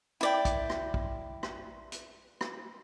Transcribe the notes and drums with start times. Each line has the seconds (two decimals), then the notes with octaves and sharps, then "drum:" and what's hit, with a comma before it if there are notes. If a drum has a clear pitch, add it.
0.21 E4 D5 G5
0.45 drum: kick, hi-hat
0.70 drum: rim click
0.94 drum: kick
1.43 drum: rim click
1.92 drum: hi-hat
2.41 drum: rim click